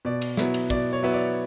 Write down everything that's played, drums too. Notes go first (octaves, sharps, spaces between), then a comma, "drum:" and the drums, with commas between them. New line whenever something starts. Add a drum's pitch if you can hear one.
B2 D5
drum: cymbal
F#3 B3 E4, drum: snare
drum: cymbal
B2 D5, drum: kick
C#5
F#3 B3 E4 E5
D5